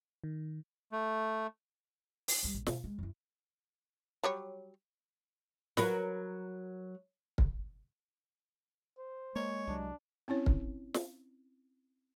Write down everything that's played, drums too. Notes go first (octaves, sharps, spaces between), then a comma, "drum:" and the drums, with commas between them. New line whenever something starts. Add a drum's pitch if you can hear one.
D#3
A3
drum: open hi-hat
A#1 G3
A#1
F2 B2, drum: snare
G#3
F#2 E4
F#3 G3 C#5
F#3 A#4 B4, drum: snare
drum: kick
C5
G#3 A#3 C#5
C2 F3 F#3 D4
C4 C#4 E4 C#5
drum: kick
drum: snare